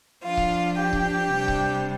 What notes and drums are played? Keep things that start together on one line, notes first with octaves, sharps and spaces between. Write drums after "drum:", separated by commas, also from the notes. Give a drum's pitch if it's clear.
F3 D4 F4 F5
drum: kick C#1
G4 G5
drum: kick C#1
C3 G3 D4
drum: kick C#1